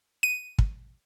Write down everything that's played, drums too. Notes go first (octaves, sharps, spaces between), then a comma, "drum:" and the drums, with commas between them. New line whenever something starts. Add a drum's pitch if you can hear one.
D#7
drum: kick